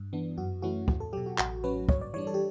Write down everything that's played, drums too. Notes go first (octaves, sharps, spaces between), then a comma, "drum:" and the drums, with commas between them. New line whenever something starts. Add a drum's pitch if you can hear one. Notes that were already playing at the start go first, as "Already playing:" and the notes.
Already playing: G2
E3 B3 D4
F#2 F#4
E3 A3 C#4 E4 F#4
E2, drum: kick
A4
B2 F#3 G4
F#4
A1 F#4, drum: clap
A2 F#3 C#4 B4
G2 C#5, drum: kick
D5
E3 G3 D4 C#5
A4
G4